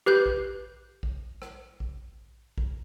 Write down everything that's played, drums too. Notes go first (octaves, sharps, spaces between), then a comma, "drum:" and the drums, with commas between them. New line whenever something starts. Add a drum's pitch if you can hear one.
G4 B4 F#6 G6
drum: kick A#1
drum: kick A#1
drum: rim click
drum: kick A#1
drum: kick A#1